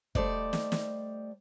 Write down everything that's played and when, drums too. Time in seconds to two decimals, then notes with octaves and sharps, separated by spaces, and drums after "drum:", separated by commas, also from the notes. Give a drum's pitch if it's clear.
0.15 G3 A3 C5 D5 D#5, drum: kick
0.53 drum: snare
0.72 drum: snare